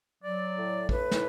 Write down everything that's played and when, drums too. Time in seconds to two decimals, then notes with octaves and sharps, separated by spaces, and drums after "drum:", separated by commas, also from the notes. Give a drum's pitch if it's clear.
0.23 F#3 D5
0.56 A2
0.89 A2 B4, drum: kick
1.11 drum: snare